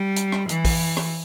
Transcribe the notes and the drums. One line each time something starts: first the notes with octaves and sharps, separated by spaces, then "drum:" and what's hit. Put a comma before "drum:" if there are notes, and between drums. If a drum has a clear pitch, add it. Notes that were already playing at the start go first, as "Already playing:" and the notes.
Already playing: G3
drum: hi-hat
drum: rim click
E3, drum: hi-hat
drum: kick, open hi-hat
drum: rim click